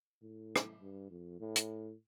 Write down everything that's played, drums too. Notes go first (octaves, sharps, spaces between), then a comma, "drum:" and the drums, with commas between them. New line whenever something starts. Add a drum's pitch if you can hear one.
A2
drum: rim click
G2
F2
A2
drum: hi-hat